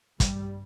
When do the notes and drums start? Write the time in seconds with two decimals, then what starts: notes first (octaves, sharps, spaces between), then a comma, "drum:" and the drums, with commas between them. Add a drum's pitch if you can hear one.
0.20 G2 G3, drum: kick, hi-hat